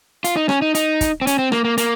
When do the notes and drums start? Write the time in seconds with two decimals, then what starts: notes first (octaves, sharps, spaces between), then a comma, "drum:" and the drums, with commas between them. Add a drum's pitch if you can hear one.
0.24 F4, drum: hi-hat
0.36 D#4
0.49 C#4, drum: rim click
0.62 D#4
0.75 D#4, drum: hi-hat
1.01 drum: kick, hi-hat
1.21 C4
1.27 C#4, drum: hi-hat
1.39 C4
1.52 A#3, drum: rim click
1.64 A#3
1.78 A#3, drum: hi-hat